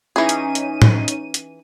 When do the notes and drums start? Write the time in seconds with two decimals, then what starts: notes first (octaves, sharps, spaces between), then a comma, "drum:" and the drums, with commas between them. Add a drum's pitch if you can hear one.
0.16 E3 C#4 D#4 G#4 D#7
0.29 drum: hi-hat
0.55 drum: hi-hat
0.82 drum: tom A2
1.08 drum: hi-hat
1.34 drum: hi-hat